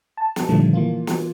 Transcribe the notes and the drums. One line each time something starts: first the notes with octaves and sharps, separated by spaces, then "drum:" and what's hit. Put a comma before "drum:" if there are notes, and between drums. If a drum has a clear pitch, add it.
A5
drum: snare
A#2 D3 D#3 F3 G3 A3
E3 A#3 F4
drum: snare